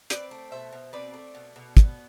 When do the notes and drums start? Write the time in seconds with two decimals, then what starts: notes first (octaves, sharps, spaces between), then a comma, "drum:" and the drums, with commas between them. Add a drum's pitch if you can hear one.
0.10 C4 B4 D5, drum: hi-hat
0.31 A3
0.52 B2 C5 E5
0.72 B2
0.93 C4 B4 D5
1.14 A3
1.35 B2
1.56 B2
1.77 B3, drum: kick, hi-hat